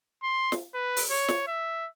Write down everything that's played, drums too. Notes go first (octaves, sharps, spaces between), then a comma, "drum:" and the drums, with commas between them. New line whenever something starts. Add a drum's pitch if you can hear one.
C6
drum: snare
B4
drum: open hi-hat
C#5
drum: snare
E5